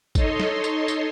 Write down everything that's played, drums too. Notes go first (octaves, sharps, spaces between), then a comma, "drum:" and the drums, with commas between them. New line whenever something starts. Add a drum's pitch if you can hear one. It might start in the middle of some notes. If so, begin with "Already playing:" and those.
D#4 A4 C#5 D#5 C6, drum: kick G#1, tambourine
drum: snare
drum: tambourine
drum: tambourine